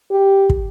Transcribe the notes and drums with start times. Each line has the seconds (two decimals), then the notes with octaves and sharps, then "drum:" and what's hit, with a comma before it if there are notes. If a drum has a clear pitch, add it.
0.11 G4
0.50 drum: kick